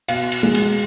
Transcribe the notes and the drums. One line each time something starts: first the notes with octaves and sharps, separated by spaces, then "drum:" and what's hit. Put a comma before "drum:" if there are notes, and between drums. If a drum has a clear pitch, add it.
B2 F5, drum: cymbal
drum: cymbal
G#3
drum: cymbal